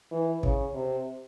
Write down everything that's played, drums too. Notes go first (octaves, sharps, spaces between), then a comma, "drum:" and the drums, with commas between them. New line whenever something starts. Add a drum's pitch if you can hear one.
E3
C#3, drum: kick
C3